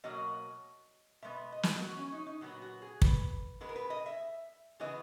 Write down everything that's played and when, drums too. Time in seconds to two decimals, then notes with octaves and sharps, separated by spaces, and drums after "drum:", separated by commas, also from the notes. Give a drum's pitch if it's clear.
0.04 B2 F#3 A#3 D#5
1.22 B2 G#3 B3 E5
1.52 D#5
1.63 drum: snare
1.82 F#4
1.97 C#4
2.12 D#4
2.27 D#4
2.41 A#2 F#3 B3 F#4
2.62 F#4
2.82 G#4
3.02 B4, drum: kick
3.61 A#2 G#3 B3 B4
3.69 A#4
3.76 B4
3.90 D#5
4.06 E5
4.80 C#3 E3 G#3 B3 D#5